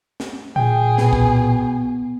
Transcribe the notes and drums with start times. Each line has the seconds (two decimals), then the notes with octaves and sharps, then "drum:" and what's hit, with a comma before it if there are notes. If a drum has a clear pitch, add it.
0.20 drum: snare
0.56 A#2 G#4 G5
0.98 B2, drum: snare
1.13 drum: kick